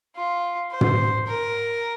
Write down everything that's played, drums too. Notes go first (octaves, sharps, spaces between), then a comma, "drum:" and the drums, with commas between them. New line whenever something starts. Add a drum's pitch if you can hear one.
F4
C5
drum: tom
A#4